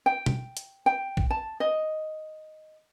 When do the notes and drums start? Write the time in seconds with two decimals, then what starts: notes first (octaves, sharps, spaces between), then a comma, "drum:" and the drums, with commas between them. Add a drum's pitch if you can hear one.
0.06 G5
0.26 drum: tom B2
0.57 drum: hi-hat
0.86 G5
1.17 drum: kick
1.30 A5
1.60 D#5